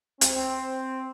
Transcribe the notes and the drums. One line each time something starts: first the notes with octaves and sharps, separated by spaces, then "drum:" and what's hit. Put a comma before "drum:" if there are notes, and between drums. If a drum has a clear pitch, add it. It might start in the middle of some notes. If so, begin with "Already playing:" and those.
C4, drum: hi-hat